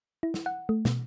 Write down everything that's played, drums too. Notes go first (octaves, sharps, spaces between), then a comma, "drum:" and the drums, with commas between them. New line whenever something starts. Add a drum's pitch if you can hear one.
E4
drum: snare
F#5
A3
B2, drum: snare